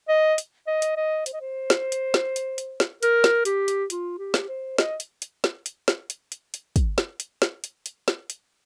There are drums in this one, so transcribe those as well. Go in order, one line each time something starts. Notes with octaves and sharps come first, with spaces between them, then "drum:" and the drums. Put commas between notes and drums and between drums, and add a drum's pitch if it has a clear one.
D#5
drum: hi-hat
D#5
drum: hi-hat
D#5
C5, drum: hi-hat
D#5
C5
drum: snare
drum: hi-hat
drum: snare
drum: hi-hat
drum: hi-hat
drum: snare
A#4, drum: hi-hat
drum: snare
G4, drum: hi-hat
drum: hi-hat
F4, drum: hi-hat
G4
drum: snare
C5
D#5, drum: snare
drum: hi-hat
drum: hi-hat
drum: snare
drum: hi-hat
drum: snare
drum: hi-hat
drum: hi-hat
drum: hi-hat
drum: kick, hi-hat
drum: snare
drum: hi-hat
drum: snare
drum: hi-hat
drum: hi-hat
drum: snare
drum: hi-hat